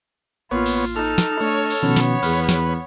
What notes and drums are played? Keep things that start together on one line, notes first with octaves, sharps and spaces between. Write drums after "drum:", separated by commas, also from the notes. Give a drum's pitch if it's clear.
A1 A#3 B3 F4 C#5
drum: cymbal
D#4 A4 F6
drum: snare
A3 D4 C#5 D#5
drum: cymbal
B2 D#3 F3 B3 C#4 C#5
drum: snare
E2 G#4 B4 F6, drum: cymbal
drum: snare